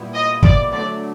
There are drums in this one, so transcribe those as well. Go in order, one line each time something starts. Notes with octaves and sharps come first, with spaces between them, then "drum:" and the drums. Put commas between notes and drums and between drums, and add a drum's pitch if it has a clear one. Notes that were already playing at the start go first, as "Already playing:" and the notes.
Already playing: A#2 G3 B3 E4
D#5
D5, drum: kick
D3 F#3 A3 D5